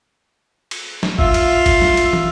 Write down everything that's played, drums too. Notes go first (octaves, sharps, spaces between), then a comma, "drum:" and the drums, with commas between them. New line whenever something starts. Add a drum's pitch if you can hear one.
drum: cymbal
drum: snare
F4 E5, drum: kick
drum: cymbal
drum: kick, cymbal
drum: snare
drum: cymbal
drum: tom